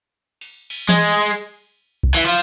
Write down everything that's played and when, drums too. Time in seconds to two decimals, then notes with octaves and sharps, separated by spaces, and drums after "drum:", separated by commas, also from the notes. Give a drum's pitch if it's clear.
0.41 drum: open hi-hat
0.70 drum: cymbal
0.89 G#3, drum: tom E3
2.03 drum: kick B1
2.15 E3
2.26 F3